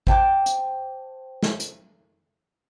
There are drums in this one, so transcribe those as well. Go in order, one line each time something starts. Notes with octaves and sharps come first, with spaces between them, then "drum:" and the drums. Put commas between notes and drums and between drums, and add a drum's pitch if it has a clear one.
C5 G5 A5 D6, drum: kick
drum: hi-hat
drum: snare
drum: hi-hat